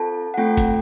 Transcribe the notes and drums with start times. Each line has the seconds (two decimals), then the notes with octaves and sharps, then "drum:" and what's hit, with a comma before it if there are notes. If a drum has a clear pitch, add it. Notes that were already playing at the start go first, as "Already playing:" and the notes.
Already playing: C4 F4 A4 A5
0.34 F#5
0.37 A3 C4 F4 A4 G5
0.57 drum: kick, hi-hat